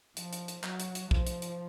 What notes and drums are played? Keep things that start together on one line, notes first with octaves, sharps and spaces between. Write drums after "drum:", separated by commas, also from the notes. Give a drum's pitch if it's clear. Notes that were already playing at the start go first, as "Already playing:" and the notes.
F3, drum: hi-hat
drum: hi-hat
drum: hi-hat
F#3, drum: clap
drum: hi-hat
drum: hi-hat
F3, drum: kick B1
drum: hi-hat
drum: hi-hat